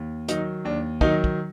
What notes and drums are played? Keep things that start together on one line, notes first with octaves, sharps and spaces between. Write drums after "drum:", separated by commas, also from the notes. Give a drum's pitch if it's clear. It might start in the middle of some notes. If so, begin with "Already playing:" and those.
Already playing: D#2
D#3 F#3 D#4, drum: hi-hat
D#2 D4
D#3 F#3 D#4, drum: kick
drum: kick